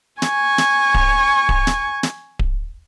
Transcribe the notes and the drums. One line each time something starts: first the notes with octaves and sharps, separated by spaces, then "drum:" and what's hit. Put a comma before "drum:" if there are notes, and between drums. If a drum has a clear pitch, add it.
G#5 C#6, drum: snare
drum: snare
drum: kick D1
drum: kick D1
drum: snare
drum: snare
drum: kick D1